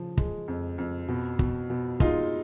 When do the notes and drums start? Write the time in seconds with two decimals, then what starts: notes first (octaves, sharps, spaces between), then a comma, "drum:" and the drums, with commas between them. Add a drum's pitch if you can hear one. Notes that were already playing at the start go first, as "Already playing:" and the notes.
Already playing: C#3 F3
0.17 G#3, drum: kick
0.48 F2
0.78 F2
1.08 B2
1.39 B2, drum: kick
1.70 B2
2.00 G#3 D#4 F4, drum: kick